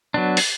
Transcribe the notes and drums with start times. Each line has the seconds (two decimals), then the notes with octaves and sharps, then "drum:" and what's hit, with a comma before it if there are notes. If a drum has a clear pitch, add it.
0.14 F#3 B3 D4
0.37 drum: open hi-hat